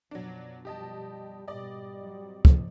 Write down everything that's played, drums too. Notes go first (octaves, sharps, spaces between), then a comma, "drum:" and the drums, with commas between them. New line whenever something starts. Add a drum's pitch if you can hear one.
F#2 B2 F3 F#3 D4
G3 G4 D#5 A5
G#2 B2 G3 D5 D#5
F#3 C4
drum: kick